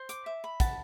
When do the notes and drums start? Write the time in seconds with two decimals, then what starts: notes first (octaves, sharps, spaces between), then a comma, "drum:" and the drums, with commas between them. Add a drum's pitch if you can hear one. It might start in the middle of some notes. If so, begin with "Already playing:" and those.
Already playing: C5
0.09 D6, drum: hi-hat
0.26 E5
0.44 B5
0.60 F#5 A5, drum: kick, hi-hat